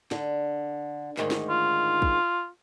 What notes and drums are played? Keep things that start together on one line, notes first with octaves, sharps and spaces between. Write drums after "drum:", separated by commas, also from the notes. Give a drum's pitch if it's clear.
D3, drum: snare
D2 G#2 D#3, drum: clap
drum: snare
F4
drum: kick